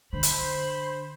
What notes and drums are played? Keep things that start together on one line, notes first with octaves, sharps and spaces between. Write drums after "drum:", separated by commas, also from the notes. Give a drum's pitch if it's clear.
D3 C5 B5
drum: hi-hat